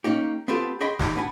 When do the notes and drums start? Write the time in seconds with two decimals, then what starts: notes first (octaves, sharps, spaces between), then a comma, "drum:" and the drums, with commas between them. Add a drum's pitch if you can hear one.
0.04 A#3 C#4 D#4 G4
0.48 B3 C4 F4 G4 A4 B4
0.81 G#4 D#5 G5 B5 C6
0.99 B1 E2 G3 D#4 G4 G#5, drum: snare
1.16 B3 D4 B4 G#5